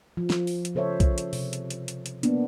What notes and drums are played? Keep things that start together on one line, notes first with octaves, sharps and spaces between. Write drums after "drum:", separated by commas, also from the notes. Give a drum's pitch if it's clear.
F3
drum: snare
drum: open hi-hat
drum: hi-hat
C#3 A4 C5 C#5 E5
drum: kick, hi-hat
drum: hi-hat
C3, drum: open hi-hat
drum: hi-hat
drum: hi-hat
drum: hi-hat
drum: hi-hat
A#3 B3 D4, drum: hi-hat